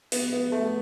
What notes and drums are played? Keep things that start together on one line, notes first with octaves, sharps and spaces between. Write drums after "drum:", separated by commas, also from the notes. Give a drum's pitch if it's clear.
B3, drum: open hi-hat
B3
A3